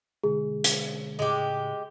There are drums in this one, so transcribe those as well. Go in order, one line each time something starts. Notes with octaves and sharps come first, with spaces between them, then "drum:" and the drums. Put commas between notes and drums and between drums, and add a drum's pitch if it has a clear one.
B2 D3 G#3 G#4
drum: hi-hat
A2 C#3 G#3 G4